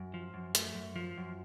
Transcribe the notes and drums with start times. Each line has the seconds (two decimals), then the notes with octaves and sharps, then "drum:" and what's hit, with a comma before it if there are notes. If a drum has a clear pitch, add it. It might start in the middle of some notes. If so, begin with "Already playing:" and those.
Already playing: F#2
0.14 F3
0.34 F#2
0.55 A3, drum: hi-hat
0.75 F#2
0.96 F3
1.18 F#2